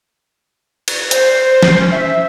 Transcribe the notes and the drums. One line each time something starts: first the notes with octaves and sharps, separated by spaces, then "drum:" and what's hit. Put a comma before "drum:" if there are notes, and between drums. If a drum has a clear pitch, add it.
drum: cymbal
C5, drum: hi-hat
drum: snare
C#4
E5